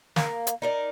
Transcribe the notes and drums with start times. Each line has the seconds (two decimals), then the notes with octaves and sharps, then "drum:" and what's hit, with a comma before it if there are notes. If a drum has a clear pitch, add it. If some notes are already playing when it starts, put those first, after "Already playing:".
0.16 A#3, drum: snare
0.47 drum: hi-hat
0.62 D#4 A#4 D5